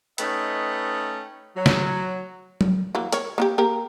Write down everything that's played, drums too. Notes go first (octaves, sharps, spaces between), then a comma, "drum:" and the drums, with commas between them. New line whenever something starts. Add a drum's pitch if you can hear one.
A3 C#4 D#4 B4 D#5 G5, drum: hi-hat
F#3
drum: snare
drum: tom F#3
E3 F#3 A#3
A#4 C#5, drum: hi-hat
A#3 F#4 G4
A#3 G4 A#4